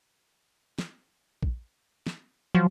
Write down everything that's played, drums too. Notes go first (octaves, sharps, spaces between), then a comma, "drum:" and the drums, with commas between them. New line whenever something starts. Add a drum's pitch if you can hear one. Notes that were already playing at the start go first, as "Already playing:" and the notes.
drum: snare
drum: kick A#1
drum: snare
F3 F#3